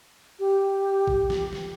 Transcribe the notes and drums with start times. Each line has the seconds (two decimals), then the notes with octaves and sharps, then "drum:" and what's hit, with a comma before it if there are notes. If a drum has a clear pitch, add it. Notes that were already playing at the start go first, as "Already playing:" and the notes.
0.40 G4
1.07 drum: kick A1
1.30 drum: snare
1.53 drum: snare